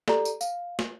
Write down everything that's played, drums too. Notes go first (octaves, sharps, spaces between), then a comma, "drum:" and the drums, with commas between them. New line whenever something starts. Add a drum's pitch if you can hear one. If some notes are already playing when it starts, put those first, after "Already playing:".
G4 A4 D5 A#5, drum: snare
drum: tambourine
F5, drum: tambourine
drum: snare